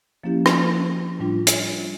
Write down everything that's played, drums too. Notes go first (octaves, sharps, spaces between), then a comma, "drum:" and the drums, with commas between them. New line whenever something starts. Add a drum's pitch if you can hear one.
F3 A#3 C#4 E4 G4
drum: rim click
A2 G3 D4 F4
drum: hi-hat